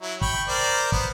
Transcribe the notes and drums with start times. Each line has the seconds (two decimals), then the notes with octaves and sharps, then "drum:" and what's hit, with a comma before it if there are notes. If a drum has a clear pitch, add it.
0.01 F#3 E4
0.21 G5 B5 C#6, drum: kick
0.48 A#4 C5 D5
0.92 B3 C5, drum: kick